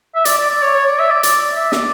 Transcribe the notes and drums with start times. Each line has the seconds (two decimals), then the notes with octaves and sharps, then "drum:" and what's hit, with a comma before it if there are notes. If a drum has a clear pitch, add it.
0.15 E5
0.25 D5, drum: hi-hat
0.38 D5
0.50 D5
0.63 C#5
0.74 C#5
0.87 D5
0.99 E5
1.11 D5
1.23 D5, drum: hi-hat
1.56 E5
1.72 D5, drum: snare